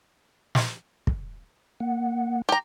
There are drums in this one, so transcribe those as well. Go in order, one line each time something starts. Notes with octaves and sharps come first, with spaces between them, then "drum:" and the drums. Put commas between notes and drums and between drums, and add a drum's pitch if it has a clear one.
drum: snare
drum: kick
A#3 F#5
G4 A#5